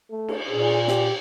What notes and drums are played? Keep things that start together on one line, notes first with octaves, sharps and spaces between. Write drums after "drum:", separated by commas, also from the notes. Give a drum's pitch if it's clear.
A3
drum: cymbal
A#2 G#4
G4, drum: snare